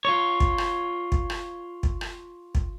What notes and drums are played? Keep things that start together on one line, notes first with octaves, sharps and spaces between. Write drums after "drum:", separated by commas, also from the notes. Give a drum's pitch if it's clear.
F4 C#5
drum: kick
drum: rim click
drum: kick
drum: rim click
drum: kick
drum: rim click
drum: kick